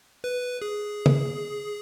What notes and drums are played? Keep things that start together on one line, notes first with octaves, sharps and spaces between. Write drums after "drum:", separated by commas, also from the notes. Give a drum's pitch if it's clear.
B4
G#4
drum: tom